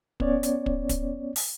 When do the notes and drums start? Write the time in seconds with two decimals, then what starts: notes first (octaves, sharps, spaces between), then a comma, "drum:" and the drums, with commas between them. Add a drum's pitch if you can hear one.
0.20 B3 C#4 C#5 D5, drum: kick
0.43 drum: hi-hat
0.66 drum: kick
0.89 drum: kick, hi-hat
1.36 drum: open hi-hat